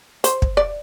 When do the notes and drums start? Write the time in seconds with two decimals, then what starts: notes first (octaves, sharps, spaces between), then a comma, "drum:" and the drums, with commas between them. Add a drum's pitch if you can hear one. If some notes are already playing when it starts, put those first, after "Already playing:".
0.24 C5, drum: hi-hat
0.42 drum: kick
0.57 D5